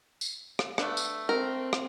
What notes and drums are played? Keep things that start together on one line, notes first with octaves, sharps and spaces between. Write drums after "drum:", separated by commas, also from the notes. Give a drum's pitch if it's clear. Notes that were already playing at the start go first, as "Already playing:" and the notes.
drum: tambourine
drum: rim click
A3 B3 D4, drum: rim click
drum: tambourine
C4 A#4
drum: rim click